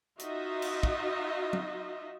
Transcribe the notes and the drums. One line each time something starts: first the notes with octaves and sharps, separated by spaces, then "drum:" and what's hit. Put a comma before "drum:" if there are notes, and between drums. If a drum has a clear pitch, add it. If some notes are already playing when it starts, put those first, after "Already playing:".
D#4 F4 F#4 D#5 E5, drum: hi-hat
drum: cymbal
drum: kick
drum: tom